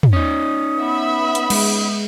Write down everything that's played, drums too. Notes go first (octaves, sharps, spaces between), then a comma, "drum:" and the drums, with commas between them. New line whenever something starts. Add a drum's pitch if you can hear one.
drum: tom
C#4 D#4 D#6
B3 E5 B5
drum: hi-hat
G#3, drum: cymbal